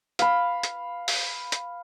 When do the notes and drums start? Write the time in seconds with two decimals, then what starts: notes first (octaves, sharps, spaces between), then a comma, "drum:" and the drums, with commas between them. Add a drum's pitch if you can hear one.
0.19 F5 B5, drum: hi-hat
0.63 drum: hi-hat
1.08 drum: open hi-hat
1.52 drum: hi-hat